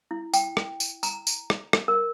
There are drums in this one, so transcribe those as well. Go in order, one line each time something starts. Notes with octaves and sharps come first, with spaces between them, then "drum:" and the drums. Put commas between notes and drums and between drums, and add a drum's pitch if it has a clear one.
E4
G5, drum: tambourine
drum: rim click
drum: tambourine
A#5, drum: tambourine
drum: tambourine
drum: rim click
drum: rim click
A#4